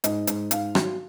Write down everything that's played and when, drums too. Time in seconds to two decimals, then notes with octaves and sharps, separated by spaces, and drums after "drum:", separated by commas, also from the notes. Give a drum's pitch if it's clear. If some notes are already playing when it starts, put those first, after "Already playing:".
0.04 G#2 D#5, drum: hi-hat
0.27 G#2, drum: hi-hat
0.51 G#2 F5, drum: hi-hat
0.75 F#3, drum: rim click